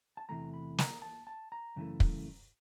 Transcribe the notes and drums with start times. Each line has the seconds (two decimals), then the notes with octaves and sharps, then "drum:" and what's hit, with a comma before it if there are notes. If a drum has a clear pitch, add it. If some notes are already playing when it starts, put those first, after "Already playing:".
0.17 A5
0.29 E2 C3 E3 A3 A#5
0.53 B5
0.78 A#5, drum: snare
1.02 A5
1.27 A5
1.52 A#5
1.76 F#2 C#3 E3 A3
2.00 drum: kick